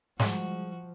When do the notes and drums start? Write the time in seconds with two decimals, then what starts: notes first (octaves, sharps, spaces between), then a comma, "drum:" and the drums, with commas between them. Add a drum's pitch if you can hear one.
0.20 F3 G3 G#3 F#4, drum: snare